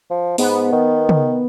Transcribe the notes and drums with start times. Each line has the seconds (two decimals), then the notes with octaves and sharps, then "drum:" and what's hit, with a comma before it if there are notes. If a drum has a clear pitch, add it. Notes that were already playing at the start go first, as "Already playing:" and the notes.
0.10 F3
0.38 G#2 B3, drum: open hi-hat
0.72 D#3
1.09 drum: tom